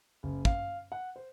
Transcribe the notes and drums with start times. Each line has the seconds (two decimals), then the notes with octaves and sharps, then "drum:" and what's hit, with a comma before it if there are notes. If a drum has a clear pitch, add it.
0.23 F#1
0.45 F5, drum: kick
0.92 F#5
1.16 C5